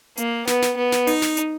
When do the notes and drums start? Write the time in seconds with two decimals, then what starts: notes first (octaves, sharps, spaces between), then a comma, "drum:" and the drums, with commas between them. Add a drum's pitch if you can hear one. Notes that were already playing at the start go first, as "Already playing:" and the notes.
0.17 A#3, drum: hi-hat
0.47 B3, drum: snare
0.62 drum: snare
0.77 B3
0.92 drum: snare
1.07 D#4, drum: open hi-hat
1.22 drum: snare
1.37 drum: hi-hat